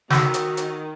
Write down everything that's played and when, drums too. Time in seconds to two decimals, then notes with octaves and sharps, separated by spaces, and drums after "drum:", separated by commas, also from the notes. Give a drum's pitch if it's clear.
0.10 D#3 F#4 E6 B6, drum: snare
0.34 drum: hi-hat
0.57 drum: hi-hat